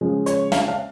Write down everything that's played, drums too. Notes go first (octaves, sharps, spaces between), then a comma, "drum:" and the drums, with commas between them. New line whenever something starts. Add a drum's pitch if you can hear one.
C#3 F3 G#3
C#5, drum: hi-hat
F5, drum: snare
F5